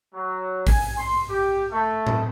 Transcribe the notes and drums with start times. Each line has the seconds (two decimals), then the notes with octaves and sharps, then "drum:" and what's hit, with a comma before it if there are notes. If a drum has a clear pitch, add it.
0.14 F#3
0.67 G#5, drum: kick, open hi-hat
0.97 C6
1.28 G4
1.71 A3
2.07 drum: tom A2